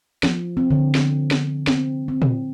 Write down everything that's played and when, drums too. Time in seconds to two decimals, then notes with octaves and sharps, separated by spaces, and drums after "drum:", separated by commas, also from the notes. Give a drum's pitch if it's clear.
0.23 F3, drum: snare
0.57 C4
0.71 D3
0.95 drum: snare
1.31 drum: snare
1.67 C4, drum: snare
2.08 C4
2.22 drum: tom